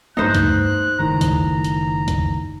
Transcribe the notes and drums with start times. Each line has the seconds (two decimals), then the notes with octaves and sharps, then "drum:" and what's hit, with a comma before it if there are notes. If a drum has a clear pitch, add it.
0.17 G2 A3 B3 D#4 C5 F#6
0.34 drum: kick, hi-hat
0.99 F#1 A2 D#3 A#5
1.21 drum: kick, hi-hat
1.64 drum: hi-hat
2.08 drum: kick, hi-hat